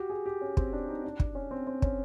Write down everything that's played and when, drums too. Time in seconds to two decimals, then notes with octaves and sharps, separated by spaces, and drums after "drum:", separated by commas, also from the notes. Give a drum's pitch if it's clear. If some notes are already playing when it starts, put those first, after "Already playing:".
Already playing: F#4 G4
0.10 G#4
0.26 G4
0.41 C#4
0.57 C4, drum: kick
0.73 D4
0.88 D#4
1.04 D4
1.20 D4, drum: kick
1.35 C#4
1.51 C4
1.67 C4
1.82 C#4, drum: kick